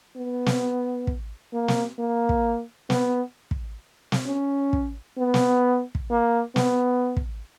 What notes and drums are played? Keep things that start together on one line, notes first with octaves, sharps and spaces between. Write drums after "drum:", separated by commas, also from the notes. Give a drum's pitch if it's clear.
B3
drum: snare
drum: kick
A#3
drum: snare
A#3
drum: kick
B3, drum: snare
drum: kick
drum: snare
C#4
drum: kick
B3
drum: snare
drum: kick
A#3
B3, drum: snare
drum: kick